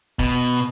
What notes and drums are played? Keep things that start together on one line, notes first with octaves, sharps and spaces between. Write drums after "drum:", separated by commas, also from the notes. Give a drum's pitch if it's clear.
B2, drum: kick E1, hi-hat
drum: hi-hat